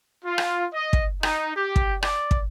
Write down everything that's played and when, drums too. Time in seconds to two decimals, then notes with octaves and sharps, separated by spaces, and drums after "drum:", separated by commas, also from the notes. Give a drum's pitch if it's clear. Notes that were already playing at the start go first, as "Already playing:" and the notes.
0.24 F4
0.38 drum: rim click
0.73 D#5
0.93 drum: kick
1.23 D#4, drum: rim click
1.55 G4
1.76 drum: kick
2.03 D5, drum: rim click
2.31 drum: kick